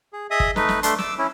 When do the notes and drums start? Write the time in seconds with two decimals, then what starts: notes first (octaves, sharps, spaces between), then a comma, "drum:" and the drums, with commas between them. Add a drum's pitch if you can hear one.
0.13 G#4
0.31 G#4 D#5 E5 D#6
0.40 drum: kick G1
0.56 A3 D#4 B4, drum: snare
0.69 drum: snare
0.83 A3 D4 C6, drum: hi-hat
0.98 D6 E6, drum: snare
1.18 C#4 E4